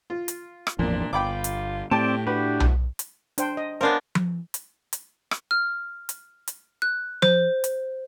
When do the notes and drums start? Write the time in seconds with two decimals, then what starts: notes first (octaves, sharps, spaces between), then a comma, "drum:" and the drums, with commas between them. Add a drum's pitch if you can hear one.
0.10 F4
0.28 drum: hi-hat
0.67 drum: rim click
0.79 G#1 E2 A#2 F3 D4
1.13 G1 F4 G5 B5 D6
1.44 drum: hi-hat
1.91 A2 C4 G4 D5 G5 A5
2.27 D4 F#4 G4 B4
2.60 drum: tom B1
2.99 drum: hi-hat
3.38 D4 C5 G5, drum: hi-hat
3.57 D#5
3.81 B3 D4 A#4 C5 F5 G#5
4.15 drum: tom F3
4.54 drum: hi-hat
4.93 drum: hi-hat
5.31 drum: rim click
5.51 F6
6.09 drum: hi-hat
6.47 drum: hi-hat
6.82 F#6
7.22 C5, drum: tom F3
7.64 drum: hi-hat